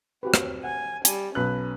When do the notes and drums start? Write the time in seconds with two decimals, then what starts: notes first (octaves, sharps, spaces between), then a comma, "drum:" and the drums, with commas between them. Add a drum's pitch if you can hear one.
0.23 C4 F#4 G4 B4
0.34 drum: rim click
0.64 F#5 G#5
1.05 G3 G#5 A5, drum: hi-hat
1.35 B1 C#4 B4 F#6